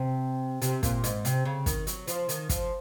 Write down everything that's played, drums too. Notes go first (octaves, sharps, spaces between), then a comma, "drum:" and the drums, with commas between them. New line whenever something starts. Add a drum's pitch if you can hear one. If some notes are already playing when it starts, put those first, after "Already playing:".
Already playing: C3
C3, drum: hi-hat
A#2, drum: kick, hi-hat
G#2, drum: hi-hat
C3, drum: hi-hat
C#3
D#3, drum: kick, hi-hat
F#3, drum: hi-hat
F3, drum: hi-hat
D#3, drum: hi-hat
F3, drum: kick, hi-hat